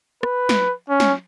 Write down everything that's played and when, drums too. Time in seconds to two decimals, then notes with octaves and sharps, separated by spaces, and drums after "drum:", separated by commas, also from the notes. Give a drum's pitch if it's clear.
0.23 B4, drum: rim click
0.49 drum: snare
0.89 C#4
1.00 drum: snare